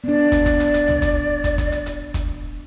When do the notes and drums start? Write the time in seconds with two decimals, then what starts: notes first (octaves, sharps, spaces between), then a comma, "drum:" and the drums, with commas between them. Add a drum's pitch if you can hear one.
0.04 B3 D4 D5
0.32 drum: kick, hi-hat
0.46 drum: kick, hi-hat
0.60 drum: hi-hat
0.74 drum: hi-hat
0.88 drum: tom C2
1.02 drum: kick, hi-hat
1.44 drum: kick, hi-hat
1.58 drum: kick, hi-hat
1.72 drum: hi-hat
1.86 drum: hi-hat
2.14 drum: kick, hi-hat